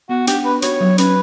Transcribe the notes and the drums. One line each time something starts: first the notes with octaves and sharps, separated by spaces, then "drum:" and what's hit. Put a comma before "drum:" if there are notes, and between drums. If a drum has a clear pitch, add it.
B3 F#4
D4 G4, drum: hi-hat
D4 B4
F#4 C#5, drum: hi-hat
F#3
C#4 B4, drum: hi-hat